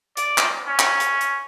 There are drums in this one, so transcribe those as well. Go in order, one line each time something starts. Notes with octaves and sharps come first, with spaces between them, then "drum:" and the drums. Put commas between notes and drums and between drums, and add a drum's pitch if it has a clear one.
D5, drum: hi-hat
drum: clap
C#4
drum: clap
drum: hi-hat
drum: hi-hat